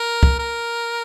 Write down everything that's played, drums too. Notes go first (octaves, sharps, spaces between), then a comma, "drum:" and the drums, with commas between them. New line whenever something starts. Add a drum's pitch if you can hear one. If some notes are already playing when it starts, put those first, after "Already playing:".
Already playing: A#4
drum: kick
A#4